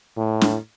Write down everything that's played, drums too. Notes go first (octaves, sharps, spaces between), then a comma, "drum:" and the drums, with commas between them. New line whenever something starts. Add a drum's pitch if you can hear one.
A2
drum: snare